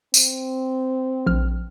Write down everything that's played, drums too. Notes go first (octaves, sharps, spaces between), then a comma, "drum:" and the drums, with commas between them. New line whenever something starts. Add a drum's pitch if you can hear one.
C4, drum: tambourine
A#1 F6